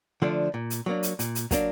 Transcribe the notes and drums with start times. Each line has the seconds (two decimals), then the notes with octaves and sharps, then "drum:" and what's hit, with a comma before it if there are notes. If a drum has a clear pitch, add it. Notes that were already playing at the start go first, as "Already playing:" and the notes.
0.22 D3 F3 A3 D4
0.54 A#2
0.70 drum: hi-hat
0.86 F#3 A#3 D4
1.03 drum: hi-hat
1.19 A#2, drum: hi-hat
1.35 drum: hi-hat
1.51 F#3 A#3 D4, drum: kick, hi-hat